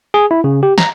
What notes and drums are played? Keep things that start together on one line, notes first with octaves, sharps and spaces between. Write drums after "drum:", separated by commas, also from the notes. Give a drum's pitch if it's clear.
G#4
E4
C#3
G4
A#5, drum: snare